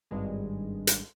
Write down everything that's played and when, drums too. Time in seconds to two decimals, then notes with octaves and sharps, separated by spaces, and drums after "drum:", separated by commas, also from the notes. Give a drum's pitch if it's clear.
0.11 G#1 G2 G#3
0.87 drum: hi-hat